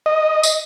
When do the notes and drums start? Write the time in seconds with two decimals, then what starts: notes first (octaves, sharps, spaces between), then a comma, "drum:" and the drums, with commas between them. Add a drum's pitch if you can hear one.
0.06 D#5
0.43 drum: tambourine